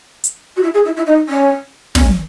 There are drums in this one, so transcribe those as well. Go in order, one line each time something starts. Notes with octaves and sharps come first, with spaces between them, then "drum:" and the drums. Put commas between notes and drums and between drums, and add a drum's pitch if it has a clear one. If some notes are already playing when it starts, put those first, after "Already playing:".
drum: hi-hat
F#4
E4
G#4
E4
E4
D#4
C#4
C#4, drum: snare